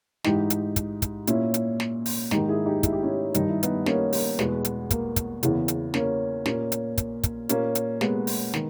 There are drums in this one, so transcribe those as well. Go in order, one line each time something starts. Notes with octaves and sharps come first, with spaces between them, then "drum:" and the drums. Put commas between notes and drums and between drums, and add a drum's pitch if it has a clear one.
G#2 E3 D#4 G4, drum: snare
drum: hi-hat
drum: kick, hi-hat
drum: kick, hi-hat
A#2 C#4 E4, drum: hi-hat
drum: hi-hat
drum: snare
drum: open hi-hat
G#2 D#3 D#4 G4, drum: snare
E4 G#4
D#4 G4
E4, drum: kick, hi-hat
G4
C#4 E4
G2 D#3 D#4, drum: hi-hat
E4
B3 D#4, drum: hi-hat
A#3 C#4, drum: snare
A#3, drum: open hi-hat
E2 B2 G#3 B3, drum: snare
drum: hi-hat
A#3, drum: kick, hi-hat
drum: kick, hi-hat
E2 C#3 E3, drum: hi-hat
drum: hi-hat
A#3 C#4, drum: snare
A#2 A#3 C#4, drum: snare
drum: hi-hat
drum: kick, hi-hat
drum: kick, hi-hat
A#2 A#3 C#4, drum: hi-hat
drum: hi-hat
G#3 B3, drum: snare
drum: open hi-hat
D#3, drum: snare